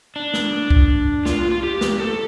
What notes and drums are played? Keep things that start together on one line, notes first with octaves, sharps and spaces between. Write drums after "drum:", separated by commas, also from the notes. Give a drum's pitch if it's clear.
D4
drum: snare
drum: kick C2
F4, drum: snare
F4
G4
drum: snare
A4